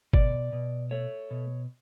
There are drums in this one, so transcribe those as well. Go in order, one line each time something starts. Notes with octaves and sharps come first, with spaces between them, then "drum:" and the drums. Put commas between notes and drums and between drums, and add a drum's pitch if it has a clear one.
B2 D5, drum: kick
B2
A3 C#5
B2